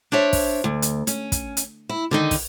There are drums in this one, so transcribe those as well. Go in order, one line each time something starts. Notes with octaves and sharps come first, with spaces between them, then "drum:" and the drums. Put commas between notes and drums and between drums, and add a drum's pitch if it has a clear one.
D4 C5 C#5 E5
drum: kick, open hi-hat
D2
drum: hi-hat
C#4, drum: hi-hat
drum: kick, hi-hat
drum: hi-hat
E4
D3 D#3 D#4
drum: kick, open hi-hat